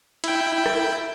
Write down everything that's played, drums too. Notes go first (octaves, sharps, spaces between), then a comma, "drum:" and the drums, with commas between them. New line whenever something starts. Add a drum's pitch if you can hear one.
E4 G5, drum: cymbal
drum: rim click